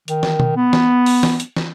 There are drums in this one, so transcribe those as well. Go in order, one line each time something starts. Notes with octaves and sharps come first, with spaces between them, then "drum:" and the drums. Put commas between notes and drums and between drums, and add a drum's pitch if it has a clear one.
D#3, drum: hi-hat
drum: snare
drum: tom B2
B3
drum: snare
drum: open hi-hat
drum: snare
drum: hi-hat
drum: snare